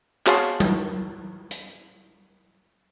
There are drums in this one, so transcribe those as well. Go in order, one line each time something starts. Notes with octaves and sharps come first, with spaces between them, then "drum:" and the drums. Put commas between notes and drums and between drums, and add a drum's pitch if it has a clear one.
F#4 G#4 C#5 F5 A5 C6, drum: clap
drum: tom F#3
drum: hi-hat